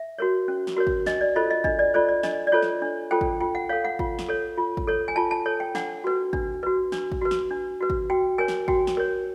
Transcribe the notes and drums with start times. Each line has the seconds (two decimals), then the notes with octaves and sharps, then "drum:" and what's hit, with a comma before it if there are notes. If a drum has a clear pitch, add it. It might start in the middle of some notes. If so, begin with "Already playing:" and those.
Already playing: E5
0.18 F#4 A#4 C#5
0.48 C#4
0.67 drum: snare
0.76 F#4 A#4 C#5
0.87 drum: kick G#1
1.06 D4 D#5, drum: snare
1.21 D5
1.36 F4 A4 C5 D#5
1.51 D#5
1.64 D4 D#5, drum: kick G#1
1.79 D5
1.94 F4 A4 C5 D5
2.09 D5
2.23 D4 D#5, drum: snare
2.47 D5
2.52 F4 A4 C5 C#5
2.62 drum: snare
2.82 D4
3.11 F4 A4 C5 G5
3.21 drum: kick G#1
3.40 F4 G5
3.55 F#5
3.69 A4 C#5 F5
3.85 F#5
3.99 F4, drum: kick G#1
4.19 drum: snare
4.29 A4 C#5
4.58 F4
4.77 drum: kick G#1
4.87 A4 C#5
5.08 G#5
5.16 F4 A5
5.31 A5
5.46 A4 C#5
5.60 G5
5.75 D4 F#5, drum: snare
6.04 F#4 B4
6.33 D4, drum: kick G#1
6.63 F#4 B4
6.92 D4, drum: snare
7.12 drum: kick G#1
7.22 F#4 B4
7.31 drum: snare
7.51 D4
7.81 F#4 B4
7.90 drum: kick G#1
8.10 F#4 G5
8.38 A#4 C#5 G#5
8.48 drum: snare
8.68 F#4 G5, drum: kick G#1
8.87 drum: snare
8.97 A#4 C#5